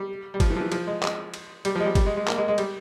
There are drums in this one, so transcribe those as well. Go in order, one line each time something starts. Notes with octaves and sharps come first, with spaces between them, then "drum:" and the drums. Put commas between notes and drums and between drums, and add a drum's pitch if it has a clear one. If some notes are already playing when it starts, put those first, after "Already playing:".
Already playing: G3
G3
F3, drum: kick, cymbal
E3
F3
E3
F3, drum: cymbal
G#3
G#3, drum: clap
drum: cymbal
G3, drum: cymbal
F3
G#3
G3
G3, drum: kick, cymbal
G#3
G#3
A#3, drum: clap
G#3
G#3
G3, drum: cymbal